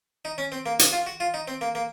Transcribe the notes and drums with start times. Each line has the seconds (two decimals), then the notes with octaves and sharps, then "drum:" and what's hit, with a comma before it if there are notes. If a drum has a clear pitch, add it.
0.25 D#4
0.38 C#4
0.52 C4
0.66 A#3
0.79 F#4, drum: hi-hat
0.92 F4
1.07 F#4
1.20 F4
1.34 D#4
1.48 C4
1.61 A#3
1.75 A#3